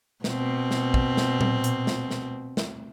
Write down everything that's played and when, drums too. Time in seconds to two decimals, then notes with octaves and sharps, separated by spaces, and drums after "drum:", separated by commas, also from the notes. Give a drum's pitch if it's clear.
0.24 B2 C4, drum: snare
0.71 drum: snare
0.94 drum: kick
1.17 drum: snare
1.41 drum: tom A#2
1.64 drum: hi-hat
1.87 drum: snare
2.11 drum: snare
2.57 drum: snare